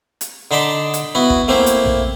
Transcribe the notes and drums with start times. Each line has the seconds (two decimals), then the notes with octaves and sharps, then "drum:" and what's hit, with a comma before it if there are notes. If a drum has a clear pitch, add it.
0.21 drum: hi-hat
0.51 D3 D#4 A5 B5 C6 D6
0.94 drum: hi-hat
1.15 B3 E4 F#4
1.30 drum: kick
1.48 A3 A#3 C4 E4 C5
1.66 drum: hi-hat
1.85 drum: tom A#1